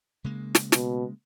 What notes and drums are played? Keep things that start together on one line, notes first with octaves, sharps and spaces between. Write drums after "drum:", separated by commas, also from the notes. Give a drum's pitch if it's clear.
C#3 G#3 A#3
drum: snare
B2, drum: snare